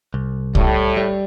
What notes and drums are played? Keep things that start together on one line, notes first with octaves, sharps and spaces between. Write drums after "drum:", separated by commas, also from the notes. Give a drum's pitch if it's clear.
C2
A2 G3, drum: kick C2
G3